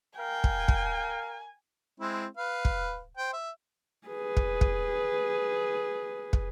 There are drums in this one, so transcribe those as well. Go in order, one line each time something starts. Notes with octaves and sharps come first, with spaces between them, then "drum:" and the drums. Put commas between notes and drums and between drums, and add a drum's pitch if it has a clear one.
A#4 F5 G5 G#5
drum: kick
drum: kick
G#3 C4 E4
B4 F5
drum: kick
C5 G5
E5
G#4 B4
drum: kick
drum: kick
drum: kick